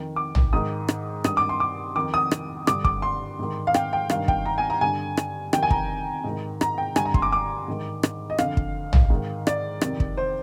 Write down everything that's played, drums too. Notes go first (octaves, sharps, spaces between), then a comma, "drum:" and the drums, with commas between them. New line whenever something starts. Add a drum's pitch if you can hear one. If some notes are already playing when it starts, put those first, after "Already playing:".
Already playing: F2 D#3
D6
drum: tom A1
G#2 D#3 D#6
drum: rim click
G2 D#3 D#6, drum: rim click
D6
C6
D6
F2 D#3 D6
D#6
drum: rim click
G2 D3 D6, drum: rim click
D6, drum: kick
C6
G#2 D#3
F5
G5, drum: rim click
G5
G2 D#3 F5, drum: rim click
G5, drum: kick
A#5
G#5
A#5
G2 D3 G#5
drum: rim click
F2 C3 D#3 G5, drum: rim click
G#5
A#5, drum: kick
G#2 D#3
A#5, drum: rim click
G5
G2 D3 G#5, drum: rim click
A#5
C6, drum: kick
D6
D6
G#2 D#3
drum: rim click
D#5
F2 D3 F5, drum: rim click
drum: kick
drum: tom A1
G#2 D#3
D5, drum: rim click
F2 C3 D#3, drum: rim click
drum: kick
C5